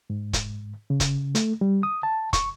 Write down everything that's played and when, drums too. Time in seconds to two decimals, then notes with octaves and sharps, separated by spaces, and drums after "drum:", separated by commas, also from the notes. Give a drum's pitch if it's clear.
0.10 G#2
0.33 drum: kick, hi-hat
0.90 C#3
1.00 drum: kick, hi-hat
1.35 A3, drum: hi-hat
1.61 G3
1.83 D#6
2.03 A5
2.33 C#6, drum: kick, hi-hat